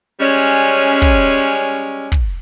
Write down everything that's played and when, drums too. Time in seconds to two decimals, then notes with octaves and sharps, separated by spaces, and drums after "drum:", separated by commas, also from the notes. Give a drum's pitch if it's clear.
0.19 G3 G#3 C#4
1.02 drum: kick
2.12 drum: kick